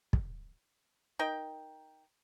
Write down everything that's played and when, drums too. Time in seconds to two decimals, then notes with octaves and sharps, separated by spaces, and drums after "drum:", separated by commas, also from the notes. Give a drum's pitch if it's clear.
0.13 drum: kick
1.19 D#4 A#4 G5